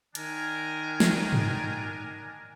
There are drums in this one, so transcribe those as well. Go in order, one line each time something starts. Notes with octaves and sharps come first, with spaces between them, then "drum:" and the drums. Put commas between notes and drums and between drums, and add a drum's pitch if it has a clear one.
D#3 D4 A#4 G#5, drum: hi-hat
drum: snare
drum: tom